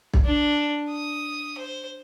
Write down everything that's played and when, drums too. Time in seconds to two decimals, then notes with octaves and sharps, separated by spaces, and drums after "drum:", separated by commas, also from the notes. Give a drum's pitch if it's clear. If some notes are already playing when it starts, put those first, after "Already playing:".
0.14 drum: kick
0.25 D4
0.90 D#6
1.58 C5